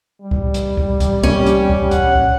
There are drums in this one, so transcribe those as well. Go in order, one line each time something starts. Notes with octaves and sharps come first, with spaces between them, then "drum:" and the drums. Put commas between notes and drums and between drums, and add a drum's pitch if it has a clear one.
G3
drum: kick
drum: hi-hat
drum: kick
drum: kick, hi-hat
C#4 G4, drum: kick
drum: hi-hat
drum: kick
F#5, drum: kick, hi-hat
drum: kick